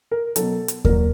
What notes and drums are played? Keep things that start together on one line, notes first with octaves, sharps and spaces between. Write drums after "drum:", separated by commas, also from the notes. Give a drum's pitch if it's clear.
A#4
B2 F#3 A4, drum: hi-hat
drum: hi-hat
A#2 F#3 A#4, drum: kick D#2